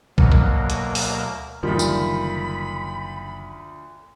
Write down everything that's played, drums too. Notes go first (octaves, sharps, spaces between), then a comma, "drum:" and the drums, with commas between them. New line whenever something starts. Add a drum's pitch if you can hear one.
D2 B2 F#3 A#3 A#4, drum: kick
drum: kick
drum: hi-hat
drum: open hi-hat
F#1 D2 D#3 F3 G3 B5
drum: tambourine